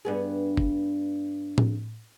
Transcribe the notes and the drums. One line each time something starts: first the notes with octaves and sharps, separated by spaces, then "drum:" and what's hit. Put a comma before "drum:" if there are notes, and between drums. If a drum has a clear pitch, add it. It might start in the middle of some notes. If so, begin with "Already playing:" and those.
G2 B3 G#4
drum: kick
drum: tom A2